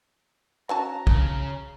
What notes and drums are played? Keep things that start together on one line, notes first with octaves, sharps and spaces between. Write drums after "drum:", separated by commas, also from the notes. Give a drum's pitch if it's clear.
C#4 F#4 A5 A#5
C#3, drum: kick